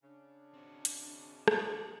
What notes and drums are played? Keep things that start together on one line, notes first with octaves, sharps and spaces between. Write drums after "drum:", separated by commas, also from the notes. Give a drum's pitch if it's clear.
C#3 D4
C4 F#4
drum: hi-hat
drum: rim click
F#4 G#4 D5